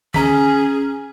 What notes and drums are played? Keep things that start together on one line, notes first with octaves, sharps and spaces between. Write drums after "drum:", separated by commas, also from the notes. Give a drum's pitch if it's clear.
C#4 G#4 A#5 B6, drum: tom D3